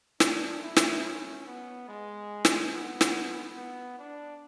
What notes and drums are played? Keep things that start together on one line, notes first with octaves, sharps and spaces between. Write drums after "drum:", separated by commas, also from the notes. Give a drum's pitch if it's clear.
D4, drum: snare
E4
drum: snare
C#4
B3
G#3
drum: snare
B3
drum: snare
B3
D4